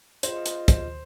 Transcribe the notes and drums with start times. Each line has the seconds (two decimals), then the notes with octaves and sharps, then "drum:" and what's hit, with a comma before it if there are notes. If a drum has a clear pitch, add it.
0.23 F4 G#4 C5 D#5, drum: hi-hat
0.46 drum: hi-hat
0.68 C5, drum: kick, hi-hat